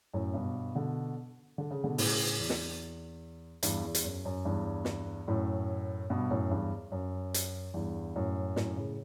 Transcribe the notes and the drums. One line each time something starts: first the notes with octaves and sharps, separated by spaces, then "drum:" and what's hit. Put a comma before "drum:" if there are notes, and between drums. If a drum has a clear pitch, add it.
F#2 A2
G2 B2
B2 D3
D3
C#3
B2 D3
A2 C#3, drum: open hi-hat
E2
drum: snare
E2 G2, drum: hi-hat
E2
drum: hi-hat
F#2
F#2
E2 G2
drum: snare
F#2 A2
G2 B2
F#2 A2
E2 G2
F#2
drum: hi-hat
E2 G2
F#2 A2
F#2 A2, drum: snare
A2 C#3